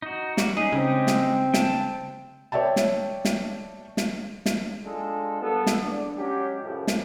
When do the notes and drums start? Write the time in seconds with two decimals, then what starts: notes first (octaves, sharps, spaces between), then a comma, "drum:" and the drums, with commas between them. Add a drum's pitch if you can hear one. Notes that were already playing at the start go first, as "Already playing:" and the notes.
0.02 D#4 F#4
0.37 G3 F#4, drum: snare
0.57 C#4 D#4 G#4
0.72 C#3 G#3 C4 D#4 G4
1.07 drum: snare
1.54 G5 A5, drum: snare
2.52 C#5 D5 E5 G5 A5
2.76 drum: snare
3.25 drum: snare
3.97 drum: snare
4.46 drum: snare
4.84 G#3 D4 D#4 F4 A4
5.42 G3 A#3 B3 A4
5.67 drum: snare
5.84 E2 D4
6.18 F#3 G#3 C#4 G4
6.63 A1 F#2 A2 C#3 F3
6.87 drum: snare